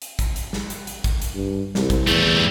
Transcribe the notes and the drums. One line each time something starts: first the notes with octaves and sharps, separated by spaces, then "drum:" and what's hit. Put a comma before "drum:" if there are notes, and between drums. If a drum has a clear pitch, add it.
drum: hi-hat
drum: kick, hi-hat
drum: hi-hat
drum: snare
drum: hi-hat
drum: hi-hat
drum: kick, hi-hat
drum: hi-hat
G2
C2, drum: snare
drum: kick, hi-hat
E2 G3 A3, drum: hi-hat